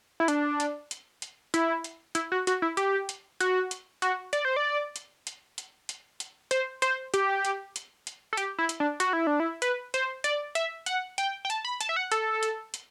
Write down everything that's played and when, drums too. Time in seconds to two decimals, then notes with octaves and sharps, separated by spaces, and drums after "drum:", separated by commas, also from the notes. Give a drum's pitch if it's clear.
0.20 E4
0.28 D4, drum: hi-hat
0.60 drum: hi-hat
0.91 drum: hi-hat
1.22 drum: hi-hat
1.54 E4, drum: hi-hat
1.84 drum: hi-hat
2.15 E4, drum: hi-hat
2.32 F#4
2.47 F#4, drum: hi-hat
2.62 E4
2.77 G4, drum: hi-hat
3.09 drum: hi-hat
3.40 F#4, drum: hi-hat
3.71 drum: hi-hat
4.02 F#4, drum: hi-hat
4.33 D5, drum: hi-hat
4.45 C5
4.56 D5
4.96 drum: hi-hat
5.27 drum: hi-hat
5.58 drum: hi-hat
5.89 drum: hi-hat
6.20 drum: hi-hat
6.51 C5, drum: hi-hat
6.82 C5, drum: hi-hat
7.14 G4, drum: hi-hat
7.45 drum: hi-hat
7.76 drum: hi-hat
8.07 drum: hi-hat
8.33 A4
8.37 G4, drum: hi-hat
8.58 E4
8.69 drum: hi-hat
8.80 D4
9.00 F#4, drum: hi-hat
9.13 E4
9.27 D4
9.40 E4
9.62 B4, drum: hi-hat
9.94 C5, drum: hi-hat
10.24 D5, drum: hi-hat
10.55 E5, drum: hi-hat
10.86 F#5, drum: hi-hat
11.18 G5, drum: hi-hat
11.45 G5
11.50 A5, drum: hi-hat
11.65 B5
11.81 A5, drum: hi-hat
11.89 E5
11.96 F#5
12.12 A4, drum: hi-hat
12.43 drum: hi-hat
12.74 drum: hi-hat